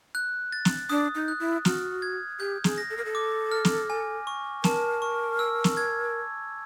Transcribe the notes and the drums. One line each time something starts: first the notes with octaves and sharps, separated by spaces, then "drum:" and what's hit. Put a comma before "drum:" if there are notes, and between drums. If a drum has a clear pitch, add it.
F#6
A6
drum: snare
D4 D#6
D#4
F#6
E4
F#4 F6, drum: snare
G#6
G4 G6
G#4, drum: snare
A#6
A4
A#4
A4
D6
F6
drum: snare
G#5
C#6
A#4 A5, drum: snare
C#6
E6
drum: snare
G#6